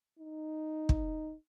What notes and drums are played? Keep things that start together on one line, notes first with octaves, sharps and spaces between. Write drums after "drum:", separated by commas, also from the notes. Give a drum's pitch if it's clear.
D#4
drum: kick